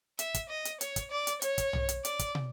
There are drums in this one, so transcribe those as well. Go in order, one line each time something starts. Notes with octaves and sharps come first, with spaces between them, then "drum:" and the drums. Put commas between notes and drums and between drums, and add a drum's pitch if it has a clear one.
E5, drum: hi-hat
drum: kick, hi-hat
D#5
drum: hi-hat
C#5, drum: hi-hat
drum: kick, hi-hat
D5
drum: hi-hat
C#5, drum: hi-hat
drum: kick, hi-hat
drum: tom
drum: hi-hat
D5, drum: hi-hat
drum: kick, hi-hat
drum: tom